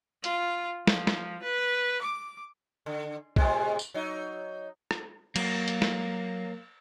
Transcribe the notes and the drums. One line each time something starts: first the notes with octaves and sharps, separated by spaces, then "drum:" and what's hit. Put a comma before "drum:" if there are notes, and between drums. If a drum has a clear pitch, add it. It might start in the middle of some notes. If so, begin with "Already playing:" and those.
F4, drum: hi-hat
F3, drum: snare
drum: snare
B4
D6
D3
A2 C3 G#3, drum: kick B1
drum: tambourine
F#3 D#4
drum: rim click
F#3 A#3, drum: cymbal
drum: hi-hat
drum: snare